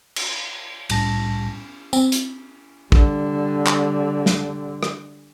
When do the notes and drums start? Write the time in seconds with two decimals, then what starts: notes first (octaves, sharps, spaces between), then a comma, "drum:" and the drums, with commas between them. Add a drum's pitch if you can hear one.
0.16 drum: cymbal
0.90 C2 A2 G3 A5 A#6, drum: cymbal
1.93 C4, drum: tambourine
2.12 drum: hi-hat
2.92 D3 G3, drum: kick
3.67 drum: clap
4.26 drum: snare
4.83 drum: rim click